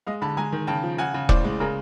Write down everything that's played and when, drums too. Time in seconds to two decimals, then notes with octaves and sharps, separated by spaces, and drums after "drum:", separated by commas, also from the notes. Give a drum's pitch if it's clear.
0.07 G#3 D#5 F5
0.22 D3 A5 B5
0.37 G#3 G#5 A#5
0.52 D#3
0.67 C#3 G5 A5
0.83 F3
0.98 C#3 F#5 G#5
1.14 C#3
1.29 A2 C5 D5, drum: kick E1
1.44 G#3
1.60 C#3 G#4 A#4